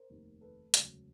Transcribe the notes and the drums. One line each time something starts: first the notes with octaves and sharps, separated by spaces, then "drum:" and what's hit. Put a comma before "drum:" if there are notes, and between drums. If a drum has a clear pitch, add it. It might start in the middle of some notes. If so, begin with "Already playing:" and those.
Already playing: A#4 C5
F1 D#2 D#3
A4 B4
E1 D2 C#3 F#3, drum: hi-hat